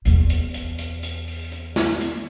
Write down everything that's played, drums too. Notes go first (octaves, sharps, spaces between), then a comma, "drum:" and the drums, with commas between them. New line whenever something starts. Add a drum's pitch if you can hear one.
E2 B2, drum: hi-hat
drum: hi-hat
drum: hi-hat
drum: hi-hat
drum: hi-hat
drum: open hi-hat
drum: hi-hat
drum: snare
drum: hi-hat